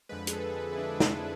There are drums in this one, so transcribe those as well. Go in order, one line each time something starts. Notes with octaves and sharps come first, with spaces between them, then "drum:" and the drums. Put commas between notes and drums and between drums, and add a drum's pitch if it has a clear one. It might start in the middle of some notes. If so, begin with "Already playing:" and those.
F2 D3 F3 G#3 B4
G#4, drum: hi-hat
A4
A4
E4
D4
D4
E4, drum: snare